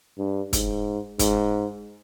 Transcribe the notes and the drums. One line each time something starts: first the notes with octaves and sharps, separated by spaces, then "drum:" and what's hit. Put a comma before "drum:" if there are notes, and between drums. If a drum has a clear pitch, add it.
G2
G#2, drum: kick, hi-hat
G#2, drum: kick, hi-hat